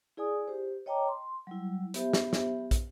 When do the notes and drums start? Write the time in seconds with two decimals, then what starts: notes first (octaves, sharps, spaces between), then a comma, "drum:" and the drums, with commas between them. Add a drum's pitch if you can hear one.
0.17 E4 G#4 D5 G#5 D#6
0.48 G4 C5
0.86 C#5 D#5 G5 A5 A#5 D6
1.08 C6
1.47 F#3 G3 E4
1.94 B3 G4 C5 E5, drum: hi-hat
2.13 drum: snare
2.33 drum: snare
2.71 drum: kick, hi-hat